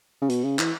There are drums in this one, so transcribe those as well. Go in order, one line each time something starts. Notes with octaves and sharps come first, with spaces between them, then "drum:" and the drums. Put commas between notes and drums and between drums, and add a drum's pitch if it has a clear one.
C#3
B2, drum: hi-hat
C#3
E3, drum: clap